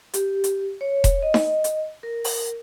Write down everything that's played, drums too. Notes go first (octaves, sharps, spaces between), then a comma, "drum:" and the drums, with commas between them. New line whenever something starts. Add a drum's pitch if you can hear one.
G4, drum: hi-hat
drum: hi-hat
C#5
drum: kick E1, hi-hat
D#5
drum: snare D#4
drum: hi-hat
A#4
drum: open hi-hat